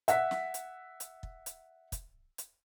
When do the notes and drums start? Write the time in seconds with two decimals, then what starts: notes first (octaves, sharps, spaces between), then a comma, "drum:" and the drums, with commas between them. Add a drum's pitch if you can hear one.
0.08 E5 F#5 B6, drum: hi-hat
0.31 drum: snare
0.54 drum: hi-hat
1.00 drum: hi-hat
1.23 drum: kick
1.46 drum: hi-hat
1.92 drum: kick, hi-hat
2.38 drum: hi-hat